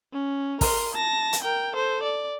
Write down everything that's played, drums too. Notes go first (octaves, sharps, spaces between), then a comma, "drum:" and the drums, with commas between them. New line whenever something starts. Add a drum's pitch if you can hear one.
C#4
A#4 C6, drum: kick, open hi-hat
A5 A#6
drum: hi-hat
A#4 G5
A4 C5
D5